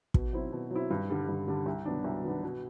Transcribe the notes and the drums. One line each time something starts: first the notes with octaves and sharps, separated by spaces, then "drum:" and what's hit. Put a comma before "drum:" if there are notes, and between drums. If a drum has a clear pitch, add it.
B2, drum: kick
F#3 C4 E4
B2
F#3 C4 E4
G2
D3 G3 D4
G2
D3 G3 D4
C2
B2 F#3 B3 D4
C2
B2 F#3 B3 D4
B2